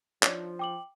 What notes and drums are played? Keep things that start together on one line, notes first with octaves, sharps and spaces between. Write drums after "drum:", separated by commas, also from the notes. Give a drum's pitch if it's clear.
F3 D4 D#4 C#5, drum: clap
G5 D6 F#7